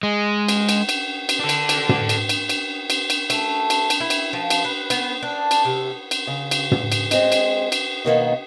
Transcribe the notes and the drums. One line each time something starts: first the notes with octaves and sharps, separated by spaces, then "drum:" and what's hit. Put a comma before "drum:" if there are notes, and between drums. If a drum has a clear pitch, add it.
G#3
drum: cymbal
drum: cymbal
drum: cymbal
drum: cymbal
D4 A4
drum: cymbal
drum: cymbal
drum: tom
drum: cymbal
drum: cymbal
drum: cymbal
drum: cymbal
drum: cymbal
A3, drum: cymbal
drum: cymbal
drum: cymbal
E4
drum: cymbal
F3
drum: cymbal
B4
B3, drum: cymbal
D4
drum: cymbal
C3
drum: cymbal
C#3
drum: cymbal
drum: tom
drum: cymbal
G#3 C4, drum: cymbal
drum: cymbal
drum: cymbal
B2 D#3 A#3 B3